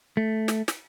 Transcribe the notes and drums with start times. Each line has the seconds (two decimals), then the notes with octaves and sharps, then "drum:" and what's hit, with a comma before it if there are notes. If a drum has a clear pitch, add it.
0.17 A3
0.48 drum: snare
0.68 drum: snare